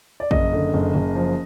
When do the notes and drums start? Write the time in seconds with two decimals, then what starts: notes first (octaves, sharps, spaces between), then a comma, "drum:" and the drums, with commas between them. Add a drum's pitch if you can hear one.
0.20 D5
0.31 F#1 D#5, drum: kick
0.53 D3
0.74 F#1
0.95 F#1
1.15 F3